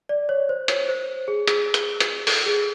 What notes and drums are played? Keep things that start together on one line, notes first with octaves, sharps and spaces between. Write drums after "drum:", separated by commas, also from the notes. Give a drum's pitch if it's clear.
D5
C#5
C5
C#5, drum: hi-hat
C5
G#4
G#4, drum: hi-hat
drum: hi-hat
drum: hi-hat
A4, drum: open hi-hat
G#4